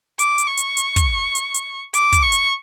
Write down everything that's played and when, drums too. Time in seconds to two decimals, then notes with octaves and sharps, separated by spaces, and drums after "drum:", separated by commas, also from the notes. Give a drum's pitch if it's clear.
0.19 D6, drum: hi-hat
0.38 drum: hi-hat
0.47 C#6
0.57 drum: hi-hat
0.77 drum: hi-hat
0.96 drum: kick, hi-hat
1.35 drum: hi-hat
1.54 drum: hi-hat
1.94 D6, drum: hi-hat
2.12 drum: kick, hi-hat
2.22 C#6
2.32 drum: hi-hat